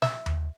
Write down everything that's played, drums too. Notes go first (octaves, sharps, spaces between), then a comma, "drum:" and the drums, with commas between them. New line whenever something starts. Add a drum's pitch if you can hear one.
E5, drum: snare
drum: tom D#2